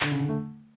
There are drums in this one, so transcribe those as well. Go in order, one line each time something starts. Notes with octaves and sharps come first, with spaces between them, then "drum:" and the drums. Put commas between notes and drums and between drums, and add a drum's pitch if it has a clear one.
D3, drum: clap
C#3
D3
A3